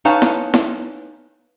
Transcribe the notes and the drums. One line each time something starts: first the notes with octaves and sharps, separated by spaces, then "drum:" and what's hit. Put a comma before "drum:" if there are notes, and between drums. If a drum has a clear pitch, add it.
D#4 B4 C#5 F5 G#5 A5
drum: snare E4
drum: snare E4